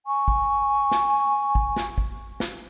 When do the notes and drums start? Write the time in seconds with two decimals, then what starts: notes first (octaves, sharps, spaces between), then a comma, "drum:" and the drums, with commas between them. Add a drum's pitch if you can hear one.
0.06 G#5 C#6
0.28 drum: kick
0.91 drum: snare
1.55 drum: kick
1.76 drum: snare
1.98 drum: kick
2.40 drum: snare